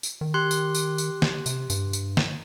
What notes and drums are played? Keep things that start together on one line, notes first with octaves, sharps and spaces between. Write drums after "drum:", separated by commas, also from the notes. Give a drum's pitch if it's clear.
drum: tambourine
D#3
G4 C6 F#6
drum: tambourine
drum: tambourine
drum: tambourine
drum: snare
C3, drum: tambourine
G2, drum: tambourine
drum: tambourine
drum: snare